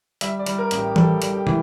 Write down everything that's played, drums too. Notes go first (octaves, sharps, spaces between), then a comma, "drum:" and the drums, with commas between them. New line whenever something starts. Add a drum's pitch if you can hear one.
G3 E5, drum: hi-hat
D5
G3, drum: hi-hat
A#4
A1, drum: hi-hat
G4
G3 A4, drum: tom E3
G3, drum: hi-hat
G4
E3, drum: tom